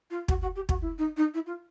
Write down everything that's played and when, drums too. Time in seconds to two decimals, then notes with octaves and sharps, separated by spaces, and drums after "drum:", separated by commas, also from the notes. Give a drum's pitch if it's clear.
0.11 F4
0.28 F#4, drum: kick
0.42 F#4
0.56 G4
0.69 F#4, drum: kick
0.82 E4
0.98 D#4
1.17 D#4
1.34 E4
1.47 F4